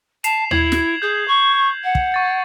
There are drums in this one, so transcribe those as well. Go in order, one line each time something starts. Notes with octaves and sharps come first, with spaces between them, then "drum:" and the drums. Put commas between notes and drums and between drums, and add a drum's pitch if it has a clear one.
A5 C7 E7 F7, drum: hi-hat
E4 G#6 C7 F#7, drum: tom D#2
drum: snare
G#4 G6
C#6
F#5
drum: kick
C#6 A6